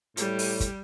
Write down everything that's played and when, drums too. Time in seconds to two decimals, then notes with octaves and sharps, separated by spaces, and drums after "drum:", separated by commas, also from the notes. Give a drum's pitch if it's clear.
0.17 A2 G3, drum: hi-hat
0.39 drum: open hi-hat
0.60 drum: kick, hi-hat